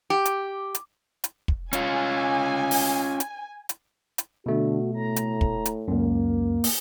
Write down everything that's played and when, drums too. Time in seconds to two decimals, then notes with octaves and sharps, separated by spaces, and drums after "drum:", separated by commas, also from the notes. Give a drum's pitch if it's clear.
0.10 G4
0.25 drum: hi-hat
0.75 drum: hi-hat
1.24 drum: hi-hat
1.48 drum: kick
1.73 C#4 F4 G#5, drum: hi-hat
2.71 drum: open hi-hat
3.20 drum: hi-hat
3.69 drum: hi-hat
4.18 drum: hi-hat
4.46 B2 D3 A3 F#4
4.94 A2 A#5
5.16 drum: hi-hat
5.41 drum: kick
5.65 drum: hi-hat
5.88 C#2 F#2 A#3
6.64 drum: open hi-hat